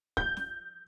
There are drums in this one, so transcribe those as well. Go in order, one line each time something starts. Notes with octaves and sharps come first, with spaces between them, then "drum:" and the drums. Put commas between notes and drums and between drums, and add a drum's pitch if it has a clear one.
G6, drum: kick
drum: snare